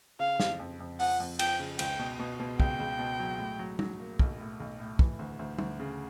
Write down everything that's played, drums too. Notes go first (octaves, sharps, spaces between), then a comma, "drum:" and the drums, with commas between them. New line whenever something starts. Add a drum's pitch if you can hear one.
C#3 F5
F2, drum: snare
F2
F2
F3 F#5, drum: open hi-hat
F2
F3 G5, drum: cymbal
C#3
C#2 G5, drum: cymbal
B2
B2
B2
C#2 G5, drum: kick
C#2
B2
F#3
A2
F#3
F#3, drum: tom
A#3
B1, drum: kick
A2
B1
A2
E3, drum: kick
D2
D2
D2, drum: tom
C#3